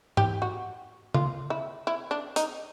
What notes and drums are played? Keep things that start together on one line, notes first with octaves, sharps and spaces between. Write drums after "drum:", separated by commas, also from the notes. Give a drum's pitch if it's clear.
G4, drum: tom G#2
F#4
F4, drum: tom C#3
E4
E4
D4
D#4, drum: hi-hat